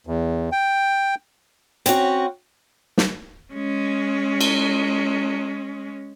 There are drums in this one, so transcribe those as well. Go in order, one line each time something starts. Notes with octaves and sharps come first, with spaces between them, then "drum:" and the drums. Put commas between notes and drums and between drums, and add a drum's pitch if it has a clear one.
E2
G5
C4 C#4 F4 F#4, drum: hi-hat
drum: snare
G#3 C#4
drum: cymbal